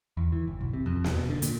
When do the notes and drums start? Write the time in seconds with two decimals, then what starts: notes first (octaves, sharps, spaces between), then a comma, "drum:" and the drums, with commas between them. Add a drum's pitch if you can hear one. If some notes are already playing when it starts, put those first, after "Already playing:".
0.17 E2
0.32 E3
0.47 G1
0.61 B1
0.73 C3
0.86 F2
1.04 E1, drum: snare
1.18 B2
1.29 D3
1.42 A#2, drum: hi-hat